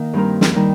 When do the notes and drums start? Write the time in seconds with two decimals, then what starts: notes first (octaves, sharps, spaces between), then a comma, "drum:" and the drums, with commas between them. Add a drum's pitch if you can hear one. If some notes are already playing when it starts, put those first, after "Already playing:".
Already playing: D#3 A#3
0.13 G2 G3 C4 D#4 A#4
0.41 drum: snare
0.55 D#3 G3 D#4